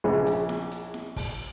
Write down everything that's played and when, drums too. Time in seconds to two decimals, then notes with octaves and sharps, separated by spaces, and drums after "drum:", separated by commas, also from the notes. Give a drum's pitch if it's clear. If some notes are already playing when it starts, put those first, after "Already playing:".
0.04 A#1 C#3
0.27 drum: hi-hat
0.49 drum: snare E4
0.71 drum: hi-hat
0.94 drum: snare E4
1.16 drum: kick, open hi-hat